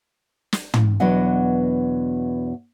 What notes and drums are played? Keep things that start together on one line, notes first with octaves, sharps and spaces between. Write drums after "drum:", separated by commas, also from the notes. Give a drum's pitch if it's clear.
drum: snare
drum: tom
E2 B2 F#3 D4 D#5 F#5